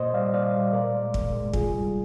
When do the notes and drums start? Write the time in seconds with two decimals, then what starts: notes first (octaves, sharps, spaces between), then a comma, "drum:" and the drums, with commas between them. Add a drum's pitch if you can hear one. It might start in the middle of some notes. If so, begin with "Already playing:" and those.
Already playing: A#2 C5 D#5
0.13 G3 D5 F5
0.33 A#2 D5 F5
0.54 G3
0.73 A#2 A#4 D5
0.94 G#3
1.14 A#2, drum: kick
1.33 G#3
1.53 C3 F4 G#4, drum: kick
1.73 G3